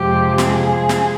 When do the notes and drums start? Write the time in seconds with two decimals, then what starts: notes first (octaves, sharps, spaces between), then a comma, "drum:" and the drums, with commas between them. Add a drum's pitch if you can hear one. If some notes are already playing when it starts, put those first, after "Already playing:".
Already playing: F2 C3 F3 G#3 C4 G4
0.38 G#4, drum: snare
0.89 drum: snare